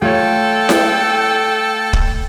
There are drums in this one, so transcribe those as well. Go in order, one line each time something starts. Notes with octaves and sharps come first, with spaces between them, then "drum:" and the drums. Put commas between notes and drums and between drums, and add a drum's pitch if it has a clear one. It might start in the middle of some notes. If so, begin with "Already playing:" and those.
A3 F4 A4 C#5 G5
drum: snare E4
drum: kick